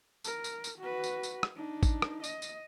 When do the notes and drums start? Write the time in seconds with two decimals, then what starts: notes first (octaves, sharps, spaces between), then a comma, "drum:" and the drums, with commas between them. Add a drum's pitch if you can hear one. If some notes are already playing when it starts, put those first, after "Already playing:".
0.24 A#4, drum: tambourine
0.44 drum: tambourine
0.64 drum: tambourine
0.79 F#4 B4
1.04 drum: tambourine
1.23 drum: tambourine
1.43 drum: rim click
1.56 D4 D#4
1.83 drum: kick A1, tambourine
2.02 drum: rim click
2.24 D#5, drum: tambourine
2.42 drum: tambourine